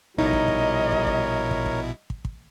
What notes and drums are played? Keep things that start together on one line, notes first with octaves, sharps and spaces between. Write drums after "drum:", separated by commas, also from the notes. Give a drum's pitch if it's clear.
A#1 B2 G3 D#4 E4 A#4 C#5 D#5
drum: kick
drum: kick
drum: kick
drum: kick
drum: kick
drum: kick
drum: kick
drum: kick